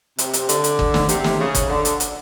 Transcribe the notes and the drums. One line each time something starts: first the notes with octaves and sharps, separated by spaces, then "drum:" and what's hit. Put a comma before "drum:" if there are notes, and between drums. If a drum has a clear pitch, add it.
C3, drum: hi-hat
drum: hi-hat
D3, drum: hi-hat
drum: hi-hat
drum: kick
drum: snare
C3, drum: hi-hat
drum: snare
C#3
drum: kick, hi-hat
D3
drum: hi-hat
drum: hi-hat